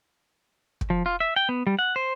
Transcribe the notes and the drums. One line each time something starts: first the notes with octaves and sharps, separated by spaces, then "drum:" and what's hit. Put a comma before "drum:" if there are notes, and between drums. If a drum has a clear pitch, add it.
drum: kick
F3
F4
E5
G5
B3
G3
F#5
C5